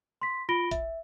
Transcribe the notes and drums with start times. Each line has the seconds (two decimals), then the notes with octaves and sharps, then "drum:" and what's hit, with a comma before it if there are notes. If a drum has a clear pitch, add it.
0.22 C6 B6
0.49 F4 B5 A#6 D7 G7
0.71 E5, drum: kick, hi-hat